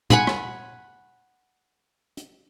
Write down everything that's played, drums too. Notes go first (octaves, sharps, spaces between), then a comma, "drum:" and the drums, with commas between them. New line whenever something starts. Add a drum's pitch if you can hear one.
F#5 G#5 B5 C6, drum: tom
drum: rim click
drum: hi-hat